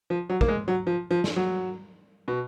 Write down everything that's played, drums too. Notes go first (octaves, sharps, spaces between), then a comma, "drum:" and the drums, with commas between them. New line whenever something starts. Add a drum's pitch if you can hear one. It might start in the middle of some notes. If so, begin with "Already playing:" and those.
F3
F#3
A#3, drum: kick
G#3
F#3
F3
F3
drum: snare
F#3
B2